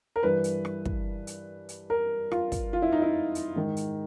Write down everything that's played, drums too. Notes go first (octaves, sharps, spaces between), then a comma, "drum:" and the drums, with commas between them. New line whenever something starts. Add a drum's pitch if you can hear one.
A#4
G2 E3 B4
drum: hi-hat
drum: rim click
drum: kick
drum: hi-hat
drum: hi-hat
A#4
F4, drum: rim click
drum: kick, hi-hat
F4
E4
D#4
E4
drum: hi-hat
G#2 D#3
drum: hi-hat